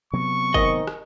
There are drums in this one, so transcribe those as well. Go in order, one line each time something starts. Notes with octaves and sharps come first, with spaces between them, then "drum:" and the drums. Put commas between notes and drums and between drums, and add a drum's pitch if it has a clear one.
C3 F#3 B3 C#6
G#2 D#3 D#5, drum: kick
drum: rim click